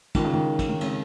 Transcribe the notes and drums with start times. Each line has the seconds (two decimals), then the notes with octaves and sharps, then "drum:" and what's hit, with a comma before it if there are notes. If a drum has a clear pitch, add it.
0.15 D#3 G#3 C#4 F4 A#4, drum: kick, cymbal
0.25 C#3
0.33 D#3
0.59 drum: kick, cymbal
0.69 D#3
0.81 C#3 G#3 C4 D#4, drum: cymbal